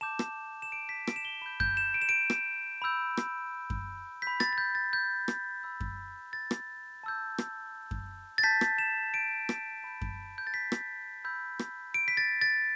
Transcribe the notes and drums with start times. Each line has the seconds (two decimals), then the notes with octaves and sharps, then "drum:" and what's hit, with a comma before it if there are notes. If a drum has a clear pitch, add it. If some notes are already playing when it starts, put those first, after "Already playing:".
0.01 A5 D6 G6 E7
0.19 drum: rim click
0.62 E7
0.72 D7
0.89 B6
1.07 D7, drum: rim click
1.16 E7
1.25 G7
1.41 B5 G6 E7
1.60 G6, drum: kick F#2
1.77 E7
1.94 D7
2.02 E7
2.09 D7
2.30 drum: rim click
2.82 B5 E6 G6
3.17 drum: rim click
3.70 drum: kick F#2
4.22 B5 G6 B6
4.40 A6, drum: rim click
4.53 A6
4.58 G6
4.75 A6
4.93 G6
5.28 drum: rim click
5.63 B5 E6 G6
5.80 drum: kick F#2
6.33 A6
6.51 drum: rim click
7.03 A5 E6 G6
7.38 drum: rim click
7.91 drum: kick F#2
8.38 A6
8.43 A5 G6 B6
8.61 drum: rim click
8.78 E7
9.14 D7
9.49 drum: rim click
9.84 B5 G6
10.01 drum: kick F#2
10.38 G6
10.47 A6
10.54 B6
10.72 drum: rim click
11.24 B5 E6 G6
11.59 drum: rim click
11.94 D7
12.08 B6
12.17 A6
12.41 A6